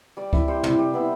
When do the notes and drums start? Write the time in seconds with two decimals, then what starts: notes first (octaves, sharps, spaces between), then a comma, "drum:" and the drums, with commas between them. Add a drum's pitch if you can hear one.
0.17 G3 D5
0.33 C4 E4, drum: kick C#2
0.48 G3 C5
0.63 C4 E4, drum: tom
0.79 G3
0.94 B3 E4